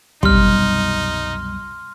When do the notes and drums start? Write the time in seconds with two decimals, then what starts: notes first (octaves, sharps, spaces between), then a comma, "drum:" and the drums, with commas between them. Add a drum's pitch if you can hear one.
0.23 C2 F#2 B2 G3 D#4 C6 F6, drum: kick